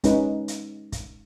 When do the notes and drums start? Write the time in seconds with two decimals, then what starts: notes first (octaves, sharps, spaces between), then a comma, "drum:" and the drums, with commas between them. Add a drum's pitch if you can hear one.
0.04 G#3 C#4 D#4 B4, drum: kick, hi-hat
0.48 drum: hi-hat
0.92 drum: kick, hi-hat